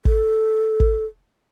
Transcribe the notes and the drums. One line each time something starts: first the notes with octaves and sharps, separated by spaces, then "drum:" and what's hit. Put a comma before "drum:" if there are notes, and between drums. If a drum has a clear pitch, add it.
A4, drum: kick
drum: kick